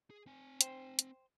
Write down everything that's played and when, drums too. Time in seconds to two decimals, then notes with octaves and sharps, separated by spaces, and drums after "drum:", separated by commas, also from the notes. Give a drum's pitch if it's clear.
0.10 G#4
0.27 C4 G#5
0.61 C5 G5, drum: hi-hat
0.99 drum: hi-hat